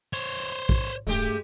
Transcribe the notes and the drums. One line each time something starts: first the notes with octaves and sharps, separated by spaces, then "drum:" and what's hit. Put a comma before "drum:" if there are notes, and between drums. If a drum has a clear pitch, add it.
C5 C#5
drum: kick
D1 G2 G#3 A3 G4